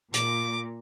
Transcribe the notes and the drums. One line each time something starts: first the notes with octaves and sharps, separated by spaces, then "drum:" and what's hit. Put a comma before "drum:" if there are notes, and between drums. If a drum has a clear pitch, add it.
A#2 D6, drum: hi-hat